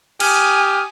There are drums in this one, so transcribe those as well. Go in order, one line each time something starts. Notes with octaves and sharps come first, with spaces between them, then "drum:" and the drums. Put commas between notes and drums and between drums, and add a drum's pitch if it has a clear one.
G4 G#5 D#6 F6, drum: cymbal